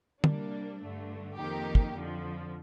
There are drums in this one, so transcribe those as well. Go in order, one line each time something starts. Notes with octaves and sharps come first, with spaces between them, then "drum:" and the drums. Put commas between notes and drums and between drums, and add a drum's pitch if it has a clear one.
C3 G3 A#3 D4, drum: tom
G2 D3 A3
F2 D#3 A#3 D#4 G4
drum: kick
F2 D3 F3